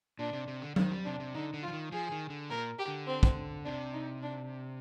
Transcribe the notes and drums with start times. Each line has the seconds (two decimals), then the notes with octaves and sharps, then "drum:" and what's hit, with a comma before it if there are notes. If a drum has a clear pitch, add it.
0.19 A#2 D4
0.33 C3
0.48 C3
0.62 D3
0.76 D#3 C4, drum: tom F#3
0.91 G3
1.05 C3 D4
1.20 C3
1.35 D3 D#4
1.54 D3
1.63 F4
1.68 F3
1.73 D#3
1.92 F3 G#4
2.12 D#3
2.30 D3
2.50 A#2 A#4
2.79 G4
2.88 D3
3.07 C4
3.23 drum: kick
3.65 C3 D4
3.94 D#4
4.23 D4